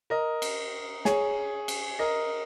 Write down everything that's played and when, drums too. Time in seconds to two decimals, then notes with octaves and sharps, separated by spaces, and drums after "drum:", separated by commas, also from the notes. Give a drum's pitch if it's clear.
0.10 A#4 D#5
0.42 drum: cymbal
1.05 G#4 C#5, drum: snare
1.68 drum: cymbal
1.99 A#4 D#5